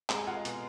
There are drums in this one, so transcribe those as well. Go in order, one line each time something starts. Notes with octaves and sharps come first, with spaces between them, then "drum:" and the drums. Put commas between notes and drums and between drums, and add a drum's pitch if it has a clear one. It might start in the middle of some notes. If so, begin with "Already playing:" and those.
G#3 A#5, drum: clap
G#5
F4 F#5
D#5
B2, drum: hi-hat